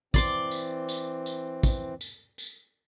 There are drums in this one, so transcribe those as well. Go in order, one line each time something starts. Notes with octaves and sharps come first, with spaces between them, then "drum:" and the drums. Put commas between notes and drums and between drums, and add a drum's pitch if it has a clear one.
E3 C4 D5 C6 D6, drum: kick, tambourine
drum: tambourine
drum: tambourine
drum: tambourine
drum: kick, tambourine
drum: tambourine
drum: tambourine